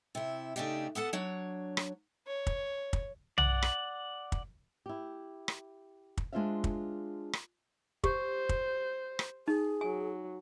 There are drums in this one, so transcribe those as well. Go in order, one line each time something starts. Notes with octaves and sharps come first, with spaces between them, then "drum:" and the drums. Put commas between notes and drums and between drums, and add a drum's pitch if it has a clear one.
C3 E4
C#3 A3 D4 D#4 G4
B3 A4 F#5 A5
F#3 D4 C#5
drum: rim click
C#5
drum: kick
drum: kick
D5 F#5, drum: tom B1
drum: rim click
drum: kick
E4 G4
drum: rim click
drum: kick
G#3 D4 F4 C5 E5 F5
drum: kick
drum: rim click
G4 C5, drum: kick
drum: kick
drum: rim click
D#4 G#4
F#3 G#5